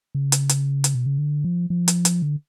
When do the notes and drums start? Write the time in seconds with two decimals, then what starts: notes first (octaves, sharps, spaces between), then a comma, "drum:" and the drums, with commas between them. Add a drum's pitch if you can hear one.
0.15 C#3
0.32 drum: hi-hat
0.49 drum: hi-hat
0.84 drum: hi-hat
0.95 B2
1.06 C#3
1.18 D3
1.44 F3
1.70 F3
1.88 drum: hi-hat
2.05 drum: hi-hat
2.22 D3